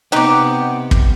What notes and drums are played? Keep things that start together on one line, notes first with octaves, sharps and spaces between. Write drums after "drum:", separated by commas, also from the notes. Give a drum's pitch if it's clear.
C3 B3 D#4 G4 F#5 D6
drum: kick